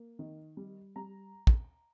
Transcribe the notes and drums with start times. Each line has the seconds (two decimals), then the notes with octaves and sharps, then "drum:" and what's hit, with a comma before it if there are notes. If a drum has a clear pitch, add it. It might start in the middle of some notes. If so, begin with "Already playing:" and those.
Already playing: A#3
0.19 D#3
0.57 G3
0.96 G3 A#5
1.47 drum: kick